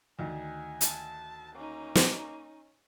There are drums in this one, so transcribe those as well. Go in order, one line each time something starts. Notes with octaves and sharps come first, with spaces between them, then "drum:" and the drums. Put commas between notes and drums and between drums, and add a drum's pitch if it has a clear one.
D2 D#3 G#5
A5, drum: hi-hat
A#3 C#4 D#4
drum: snare